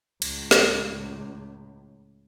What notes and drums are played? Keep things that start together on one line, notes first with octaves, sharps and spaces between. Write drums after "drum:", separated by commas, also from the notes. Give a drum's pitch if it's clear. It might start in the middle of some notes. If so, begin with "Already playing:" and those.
C#2 A2, drum: cymbal
drum: snare